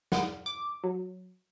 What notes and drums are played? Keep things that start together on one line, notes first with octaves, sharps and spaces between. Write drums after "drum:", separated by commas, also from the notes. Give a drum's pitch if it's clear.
F#5, drum: snare
D6
F#3